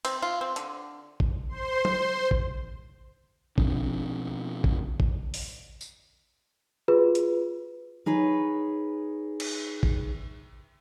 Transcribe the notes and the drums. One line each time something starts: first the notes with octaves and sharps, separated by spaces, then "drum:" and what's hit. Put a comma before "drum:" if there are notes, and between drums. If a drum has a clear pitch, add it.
C4, drum: cymbal
F4
C4
D3, drum: hi-hat
drum: kick A1
C5 C6
drum: tom
drum: kick A1
B2 F3 C4 D4, drum: kick A1
drum: kick A1
drum: kick A1
drum: open hi-hat
drum: tambourine
F4 F#4 G#4 B4
drum: hi-hat
D#4 G#4 B4 C#5
drum: cymbal
drum: kick A1